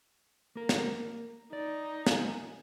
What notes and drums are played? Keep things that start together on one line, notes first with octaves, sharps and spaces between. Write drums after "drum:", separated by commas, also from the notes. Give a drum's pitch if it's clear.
A#3 A#4
drum: snare
D#4 D5
G#5, drum: snare